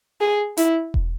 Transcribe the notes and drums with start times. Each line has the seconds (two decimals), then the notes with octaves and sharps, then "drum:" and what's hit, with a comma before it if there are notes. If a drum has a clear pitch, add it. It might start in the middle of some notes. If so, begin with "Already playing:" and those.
0.21 G#4
0.57 E4, drum: hi-hat
0.94 drum: kick E1